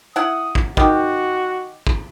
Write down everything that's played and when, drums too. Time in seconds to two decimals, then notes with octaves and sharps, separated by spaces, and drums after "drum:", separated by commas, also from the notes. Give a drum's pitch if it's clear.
0.16 E4 F#5 D#6
0.55 drum: kick
0.77 D#3 F#4 G4, drum: kick
1.87 drum: kick